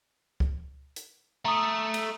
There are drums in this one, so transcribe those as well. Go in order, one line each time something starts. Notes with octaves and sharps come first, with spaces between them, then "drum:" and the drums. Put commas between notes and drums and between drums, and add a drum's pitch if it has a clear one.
drum: kick C#2
drum: hi-hat
A3 A#5 D#6
drum: cymbal